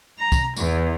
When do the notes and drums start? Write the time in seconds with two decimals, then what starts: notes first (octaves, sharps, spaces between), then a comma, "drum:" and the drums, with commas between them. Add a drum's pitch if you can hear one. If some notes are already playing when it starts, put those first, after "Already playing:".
0.18 A#5
0.32 drum: kick, tambourine
0.56 E2, drum: tambourine